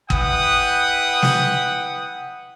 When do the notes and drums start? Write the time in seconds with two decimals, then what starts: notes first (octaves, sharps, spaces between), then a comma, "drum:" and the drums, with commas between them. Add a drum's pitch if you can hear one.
0.10 E4 B4 F#5 G5 D#6, drum: kick
1.22 drum: snare